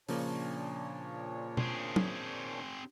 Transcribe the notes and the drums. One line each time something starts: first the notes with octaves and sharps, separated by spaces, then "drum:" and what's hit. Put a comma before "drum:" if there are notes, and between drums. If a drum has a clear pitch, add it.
A#2 C#3 F3 A#3 D4 C#5, drum: open hi-hat
C4 G#4, drum: tom
drum: tom